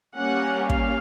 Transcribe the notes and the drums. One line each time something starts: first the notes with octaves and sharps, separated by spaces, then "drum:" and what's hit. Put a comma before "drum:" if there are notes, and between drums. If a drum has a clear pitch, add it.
G3 A#3 C#4 F#5
F5, drum: kick